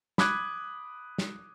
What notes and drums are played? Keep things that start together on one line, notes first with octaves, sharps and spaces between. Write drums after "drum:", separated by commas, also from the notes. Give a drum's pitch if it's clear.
B5 D6 D#6 F#6 G#6, drum: snare
drum: snare